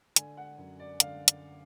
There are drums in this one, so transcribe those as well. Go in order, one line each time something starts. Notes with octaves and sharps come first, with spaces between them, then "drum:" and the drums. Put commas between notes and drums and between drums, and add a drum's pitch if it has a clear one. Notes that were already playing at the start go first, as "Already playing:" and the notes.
D3 G#5, drum: hi-hat
F#5
F#2
D5
D3 F5, drum: hi-hat
drum: hi-hat